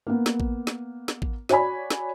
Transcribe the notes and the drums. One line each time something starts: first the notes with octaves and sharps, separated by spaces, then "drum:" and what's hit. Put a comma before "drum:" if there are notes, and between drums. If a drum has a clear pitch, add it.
A#3 B3
drum: snare
drum: kick A1
drum: snare
drum: snare
drum: kick A1
F#4 C#5 D5 G#5 B5, drum: snare
drum: snare